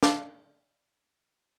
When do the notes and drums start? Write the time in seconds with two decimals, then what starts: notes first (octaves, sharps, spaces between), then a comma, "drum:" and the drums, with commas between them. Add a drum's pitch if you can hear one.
0.03 F5 A5 D6, drum: snare